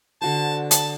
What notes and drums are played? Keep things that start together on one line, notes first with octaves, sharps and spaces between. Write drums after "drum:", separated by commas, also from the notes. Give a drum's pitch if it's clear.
D3 F#4 C5 A5
A5, drum: hi-hat